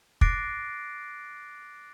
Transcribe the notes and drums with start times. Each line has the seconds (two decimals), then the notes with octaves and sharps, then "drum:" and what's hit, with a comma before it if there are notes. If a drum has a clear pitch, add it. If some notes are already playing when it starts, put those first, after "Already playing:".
0.21 D6 F#6 A6 A#6 C7 D7, drum: kick